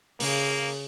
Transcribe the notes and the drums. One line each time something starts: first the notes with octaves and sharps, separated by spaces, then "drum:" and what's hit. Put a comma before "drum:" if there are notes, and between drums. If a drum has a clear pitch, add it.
C#3 A#3, drum: open hi-hat